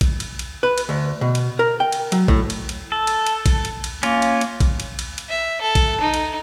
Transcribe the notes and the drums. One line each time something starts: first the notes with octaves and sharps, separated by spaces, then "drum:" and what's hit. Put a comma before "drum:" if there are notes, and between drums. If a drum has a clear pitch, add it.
drum: kick, cymbal
drum: cymbal
drum: cymbal
B4
drum: cymbal
D2
B2
drum: cymbal
A#4
G5
drum: cymbal
F#3, drum: cymbal
A2, drum: kick
drum: cymbal
drum: cymbal
A4
drum: cymbal
drum: cymbal
drum: kick, cymbal
drum: cymbal
drum: cymbal
A#3 C#4 F4, drum: cymbal
drum: cymbal
drum: cymbal
drum: kick, cymbal
drum: cymbal
drum: cymbal
drum: cymbal
E5
A4
drum: kick, cymbal
D#4
drum: cymbal